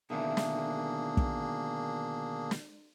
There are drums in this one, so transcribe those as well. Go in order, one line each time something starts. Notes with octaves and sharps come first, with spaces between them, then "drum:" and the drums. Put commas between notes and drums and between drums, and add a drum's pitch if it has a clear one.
B2 D3 D#3 A#3 D4 G#4 E5
drum: snare
drum: kick
drum: snare